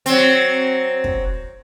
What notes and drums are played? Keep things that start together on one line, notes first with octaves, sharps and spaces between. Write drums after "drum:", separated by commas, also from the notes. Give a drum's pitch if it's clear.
F#3 C4, drum: hi-hat
drum: kick